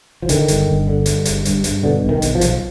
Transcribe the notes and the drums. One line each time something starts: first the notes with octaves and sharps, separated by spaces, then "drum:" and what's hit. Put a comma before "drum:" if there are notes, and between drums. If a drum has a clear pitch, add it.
F3
D3 D#3, drum: hi-hat
G1, drum: hi-hat
G1
D3
G2, drum: hi-hat
G1, drum: hi-hat
G2, drum: hi-hat
G2, drum: hi-hat
B2 D3
B1
D#3
B1, drum: hi-hat
F3
B1, drum: hi-hat